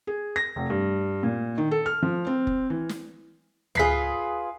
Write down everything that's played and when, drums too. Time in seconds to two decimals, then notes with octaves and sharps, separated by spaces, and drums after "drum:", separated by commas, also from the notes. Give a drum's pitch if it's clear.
0.07 G#4
0.36 A#6
0.56 F1
0.70 G2
1.23 A#2
1.58 D#3
1.71 A4
1.86 F6
2.02 F3
2.27 C4
2.47 drum: kick F1
2.70 E3
2.89 drum: snare
3.75 F4 G#4 B4 B6 C7, drum: tom C#2